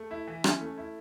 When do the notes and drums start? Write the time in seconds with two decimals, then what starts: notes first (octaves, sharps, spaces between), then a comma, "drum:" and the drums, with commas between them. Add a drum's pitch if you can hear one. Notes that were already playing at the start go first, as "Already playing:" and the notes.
Already playing: A3
0.11 E4
0.27 E3
0.44 C#4, drum: rim click
0.61 A3
0.78 E4